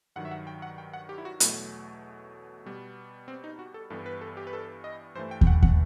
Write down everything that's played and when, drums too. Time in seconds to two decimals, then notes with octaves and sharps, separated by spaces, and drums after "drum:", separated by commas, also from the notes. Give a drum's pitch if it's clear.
0.16 G2 D#3 F#3 F#5
0.25 E5
0.31 F#5
0.47 G5
0.62 F#5
0.78 G5
0.93 F#5
1.09 G4
1.18 E4
1.25 F#4
1.40 E2 B2 F#3 A3 E4, drum: hi-hat
2.66 B2 G3 B3
3.28 C4
3.44 D#4
3.59 F#4
3.74 A4
3.90 G2 E3 G3 B3 A4
4.06 B4
4.21 A4
4.37 G4
4.47 B4
4.53 A4
4.84 D#5
5.15 G2 E3 A3 C5
5.31 G5
5.41 G5, drum: kick
5.47 F#5
5.63 F#5, drum: kick